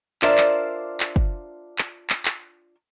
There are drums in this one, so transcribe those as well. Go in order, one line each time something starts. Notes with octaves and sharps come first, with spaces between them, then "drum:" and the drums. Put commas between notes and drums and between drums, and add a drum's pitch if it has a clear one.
D4 F4 A#4 C5 D5 E5, drum: clap
drum: clap
drum: clap
drum: kick
drum: clap
drum: clap
drum: clap